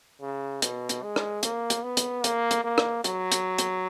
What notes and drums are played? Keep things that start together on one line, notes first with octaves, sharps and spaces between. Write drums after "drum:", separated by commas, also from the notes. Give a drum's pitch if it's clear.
C#3
B2, drum: hi-hat
drum: hi-hat
G#3
drum: rim click
A#3, drum: hi-hat
drum: hi-hat
B3
drum: hi-hat
A#3, drum: hi-hat
drum: hi-hat
A#3
drum: rim click
F#3, drum: hi-hat
drum: hi-hat
drum: hi-hat